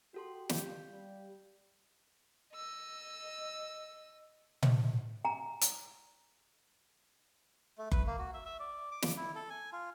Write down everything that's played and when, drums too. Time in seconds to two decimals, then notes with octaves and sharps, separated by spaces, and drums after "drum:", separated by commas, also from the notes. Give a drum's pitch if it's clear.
0.14 F#4 G4 A4 C6
0.49 F5 G6, drum: snare
0.88 G3
2.54 D#5 E6
4.62 drum: tom A#2
5.25 G#5 A#5
5.61 drum: hi-hat
7.78 A3
7.91 B4, drum: kick F#1
8.07 A#3
8.19 F#4
8.34 E5
8.46 E5
8.60 D5
8.91 D6
9.02 drum: snare
9.17 E4
9.35 A4
9.50 G#5
9.73 F4